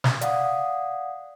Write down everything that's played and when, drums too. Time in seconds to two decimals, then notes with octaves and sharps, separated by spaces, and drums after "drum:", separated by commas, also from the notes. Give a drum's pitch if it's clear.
0.04 drum: snare
0.21 D5 F5 F#5 D#6, drum: hi-hat